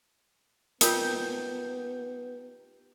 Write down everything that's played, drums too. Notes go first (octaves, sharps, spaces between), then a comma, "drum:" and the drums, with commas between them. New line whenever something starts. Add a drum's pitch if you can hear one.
B3 D#4 F4 G4 A#4, drum: hi-hat